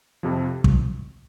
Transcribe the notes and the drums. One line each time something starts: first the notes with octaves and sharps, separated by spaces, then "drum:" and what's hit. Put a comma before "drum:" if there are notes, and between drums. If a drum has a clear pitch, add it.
F2 C3 F3
drum: kick